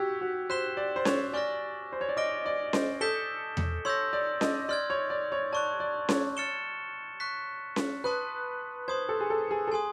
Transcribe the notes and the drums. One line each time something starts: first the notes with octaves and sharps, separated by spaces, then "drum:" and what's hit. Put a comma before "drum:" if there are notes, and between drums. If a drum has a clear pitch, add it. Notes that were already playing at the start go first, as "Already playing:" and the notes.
Already playing: F#4 G4 E6 G#6 B6
F#4
C5 F#6 B6 E7 G7
D5
C5
C#5, drum: snare C#4
D5 G#5 C#6 F6 A#6
C5
C#5
D5
D#5 D6 F6 A#6 D7 G7
D5
C5, drum: snare C#4
A4 D#6 G6 B6 E7 G7
drum: tom E2
C#5 C6 E6 G6 A#6
D5
D#5, drum: snare C#4
D5 C6 F6 G#6
C#5
D5
C#5
D5 A5 C#6 F#6
D5
C#5, drum: snare C#4
F6 A6 C#7 E7 G7
C#6 F#6 B6
drum: snare C#4
B4 A5 C6 D#6 F#6
C5 C6 D#6 G#6
A4
G#4
A4
G#4
A4
G#4 G#5 C6 D#6